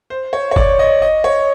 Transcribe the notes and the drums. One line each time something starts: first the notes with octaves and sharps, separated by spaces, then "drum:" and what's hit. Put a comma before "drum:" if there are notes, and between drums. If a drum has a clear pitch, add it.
C5
C#5
C#5
D5, drum: kick
D#5
D#5
C#5